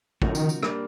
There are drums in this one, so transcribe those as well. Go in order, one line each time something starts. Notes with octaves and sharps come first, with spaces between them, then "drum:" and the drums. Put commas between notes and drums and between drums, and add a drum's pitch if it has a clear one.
A2 C#3 F3 A#3 D#4 F#4, drum: kick
D#3, drum: tambourine
drum: tambourine
G3 A#3 D4, drum: rim click